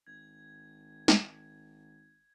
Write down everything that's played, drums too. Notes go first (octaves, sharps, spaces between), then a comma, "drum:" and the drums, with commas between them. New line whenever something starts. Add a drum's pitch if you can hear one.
G#1 G#6
drum: snare